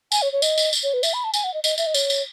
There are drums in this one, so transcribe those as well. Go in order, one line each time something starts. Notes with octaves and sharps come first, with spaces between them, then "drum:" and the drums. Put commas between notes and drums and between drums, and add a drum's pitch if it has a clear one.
G#5, drum: tambourine
C#5
C#5
D#5, drum: tambourine
drum: tambourine
drum: tambourine
C#5
B4
E5, drum: tambourine
B5
A5
G#5, drum: tambourine
F#5
D#5
D#5, drum: tambourine
E5, drum: tambourine
D#5
C#5, drum: tambourine
drum: tambourine